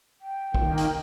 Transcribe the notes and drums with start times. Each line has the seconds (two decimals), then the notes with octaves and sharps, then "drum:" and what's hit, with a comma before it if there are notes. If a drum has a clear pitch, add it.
0.21 G5
0.54 D#3 A#3, drum: kick
0.78 drum: hi-hat